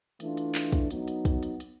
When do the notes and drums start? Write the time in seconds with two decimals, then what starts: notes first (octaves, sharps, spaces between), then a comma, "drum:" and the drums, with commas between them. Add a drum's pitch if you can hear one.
0.20 E3 A3 D4 F4, drum: hi-hat
0.37 drum: hi-hat
0.55 drum: clap
0.72 drum: kick, hi-hat
0.91 F#3 B3 D#4, drum: hi-hat
1.08 drum: hi-hat
1.25 drum: kick, hi-hat
1.43 drum: hi-hat
1.60 drum: hi-hat